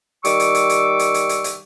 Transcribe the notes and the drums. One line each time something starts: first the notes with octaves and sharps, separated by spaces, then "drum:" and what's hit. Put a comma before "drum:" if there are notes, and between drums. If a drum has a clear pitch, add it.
D#3 G3 C#6 D6 E6, drum: hi-hat
drum: hi-hat
drum: hi-hat
drum: hi-hat
drum: hi-hat
drum: hi-hat
drum: hi-hat
drum: hi-hat